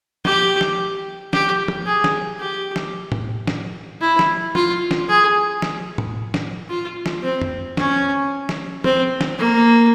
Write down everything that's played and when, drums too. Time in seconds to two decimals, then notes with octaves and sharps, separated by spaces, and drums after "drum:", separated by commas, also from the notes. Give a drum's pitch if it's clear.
0.25 G4, drum: tom
0.61 drum: snare
1.33 G4, drum: snare
1.68 drum: tom
1.86 G#4
2.04 drum: snare
2.40 G4
2.76 drum: snare
3.12 drum: tom A2
3.47 drum: snare
4.01 E4
4.19 drum: snare
4.55 F4, drum: tom
4.91 drum: snare
5.09 G#4
5.62 drum: snare
5.98 drum: tom A2
6.34 drum: snare
6.70 F4
7.06 drum: snare
7.23 C4
7.42 drum: tom F#2
7.77 C#4, drum: snare
8.49 drum: snare
8.84 C4, drum: tom
9.21 drum: snare
9.39 A#3